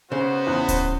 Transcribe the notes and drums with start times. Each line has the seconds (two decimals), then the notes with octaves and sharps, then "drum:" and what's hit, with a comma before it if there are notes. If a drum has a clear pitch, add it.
0.12 C#3 B3 D#4 F#4 C5
0.47 E2
0.69 drum: kick D1, hi-hat